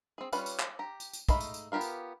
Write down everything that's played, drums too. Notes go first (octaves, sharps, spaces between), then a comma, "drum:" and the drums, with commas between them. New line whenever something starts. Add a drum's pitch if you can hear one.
C4 G#4
G3 C#4 F4 B4 C#5, drum: tambourine
drum: tambourine
drum: clap
G4 A#5
drum: tambourine
drum: tambourine
G#3 A3 D#4 F5 B5, drum: kick, tambourine
drum: tambourine
drum: tambourine
B3 F4 G4 A#4 F5
drum: tambourine